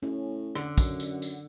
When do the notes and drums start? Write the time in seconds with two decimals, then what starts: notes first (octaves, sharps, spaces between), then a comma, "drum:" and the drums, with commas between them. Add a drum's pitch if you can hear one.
0.03 A2 C#4
0.55 D3, drum: rim click
0.78 F#2, drum: kick, tambourine
1.00 drum: tambourine
1.22 drum: tambourine